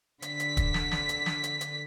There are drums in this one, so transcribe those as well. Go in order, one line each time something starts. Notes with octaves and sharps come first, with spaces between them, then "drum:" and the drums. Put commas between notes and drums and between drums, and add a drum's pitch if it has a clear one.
D3 B6, drum: hi-hat
drum: hi-hat
drum: kick, hi-hat
drum: snare
drum: snare
drum: hi-hat
drum: snare
drum: hi-hat
drum: hi-hat